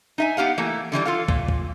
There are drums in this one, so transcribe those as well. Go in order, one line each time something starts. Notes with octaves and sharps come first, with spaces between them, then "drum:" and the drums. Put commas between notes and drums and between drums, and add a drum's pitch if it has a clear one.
D#4 E5 G#5
B3 G4 F5 F#5
E3 A3 A#3
D3 E3 G3 D4
F4 A4 F5
A#2, drum: kick
drum: kick